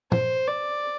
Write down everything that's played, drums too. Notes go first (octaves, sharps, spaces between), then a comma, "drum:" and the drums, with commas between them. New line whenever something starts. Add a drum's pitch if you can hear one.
C5, drum: tom A#2
D5